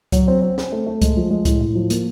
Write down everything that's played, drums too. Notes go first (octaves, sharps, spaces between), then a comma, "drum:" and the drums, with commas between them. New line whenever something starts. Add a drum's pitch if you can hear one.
F#3, drum: kick C2, hi-hat
C4
C4
C4, drum: snare
A3
A3
G#3, drum: kick C2, hi-hat
F3
G#3
A2, drum: kick C2, hi-hat
A2
F3
A#3, drum: hi-hat